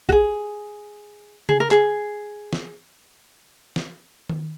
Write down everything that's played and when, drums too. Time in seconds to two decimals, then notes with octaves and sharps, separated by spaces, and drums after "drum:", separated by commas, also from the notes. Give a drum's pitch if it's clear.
0.09 F#4, drum: kick
0.12 G#4
1.49 G#4, drum: tom C#3
1.60 A#4
1.71 G#4, drum: clap
2.53 drum: snare
3.76 drum: snare
4.30 drum: tom D#3